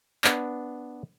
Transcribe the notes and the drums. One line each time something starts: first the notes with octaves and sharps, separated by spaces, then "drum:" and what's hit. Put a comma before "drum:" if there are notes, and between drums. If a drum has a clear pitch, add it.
B3 D4, drum: clap